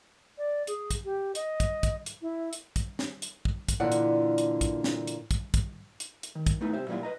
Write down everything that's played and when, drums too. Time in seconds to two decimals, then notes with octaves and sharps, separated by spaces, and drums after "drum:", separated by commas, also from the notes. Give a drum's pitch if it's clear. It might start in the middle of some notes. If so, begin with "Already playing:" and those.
0.38 D5
0.67 G#4, drum: hi-hat
0.91 drum: kick, hi-hat
1.05 G4
1.35 D#5, drum: hi-hat
1.60 drum: kick, hi-hat
1.83 drum: kick, hi-hat
2.06 drum: hi-hat
2.22 E4
2.53 drum: hi-hat
2.76 drum: kick, hi-hat
2.99 drum: snare
3.22 drum: hi-hat
3.45 drum: kick
3.68 drum: kick, hi-hat
3.80 A#2 D3 E3 D5 F#5
3.92 drum: hi-hat
4.38 drum: hi-hat
4.61 drum: kick, hi-hat
4.84 drum: snare
5.07 drum: hi-hat
5.31 drum: kick, hi-hat
5.54 drum: kick, hi-hat
6.00 drum: hi-hat
6.23 drum: hi-hat
6.35 D#3
6.46 drum: kick, hi-hat
6.61 A3 B3 D#4 E4
6.73 C2 G4 C5 E5
6.88 A#2 F#3 G3 A#3 E4 F4
7.03 B4 D#5 A#5